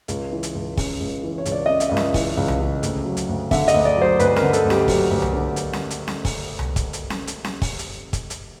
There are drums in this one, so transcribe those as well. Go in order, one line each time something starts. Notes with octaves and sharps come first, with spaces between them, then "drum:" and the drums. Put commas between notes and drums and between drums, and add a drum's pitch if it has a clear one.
C#2, drum: hi-hat
E3
drum: hi-hat
C#2
C#3, drum: kick, open hi-hat
C#2
E3
C#5
C#2, drum: hi-hat
D5
C#3 D#5
E5, drum: hi-hat
C#2 D#5
E5, drum: snare C#4
E3, drum: kick, open hi-hat
C#2
drum: tom C2
C#3
D2, drum: hi-hat
F#3
drum: hi-hat
D2
D3 E5, drum: kick, open hi-hat
D#5, drum: hi-hat
D2
D5
F#3 C5
D2 B4, drum: hi-hat
A#4, drum: snare C#4
D3
A4, drum: hi-hat
D2
G4, drum: snare C#4
F#3, drum: kick, open hi-hat
D2
drum: tom C2
D3
drum: hi-hat
drum: snare C#4
drum: hi-hat
drum: snare C#4
drum: kick, open hi-hat
drum: tom C2
drum: kick, hi-hat
drum: hi-hat
drum: snare C#4
drum: hi-hat
drum: snare C#4
drum: kick, open hi-hat
drum: hi-hat
drum: kick, hi-hat
drum: hi-hat